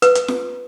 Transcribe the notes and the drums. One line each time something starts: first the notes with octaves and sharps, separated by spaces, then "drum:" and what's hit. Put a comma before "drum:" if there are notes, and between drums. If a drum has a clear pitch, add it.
B4, drum: hi-hat
drum: hi-hat
drum: snare F4